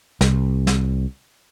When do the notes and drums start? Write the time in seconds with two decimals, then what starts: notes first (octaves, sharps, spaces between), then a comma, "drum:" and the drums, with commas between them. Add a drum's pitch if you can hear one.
0.21 C2, drum: snare
0.67 drum: snare